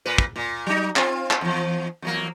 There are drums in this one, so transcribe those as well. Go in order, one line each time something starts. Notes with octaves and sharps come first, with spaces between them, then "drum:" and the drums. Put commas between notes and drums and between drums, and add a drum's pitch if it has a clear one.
A#2 B4
drum: kick
A#2
F#3 D#4
C4 F4, drum: clap
drum: clap
E2 F3
E2 F#3 A#3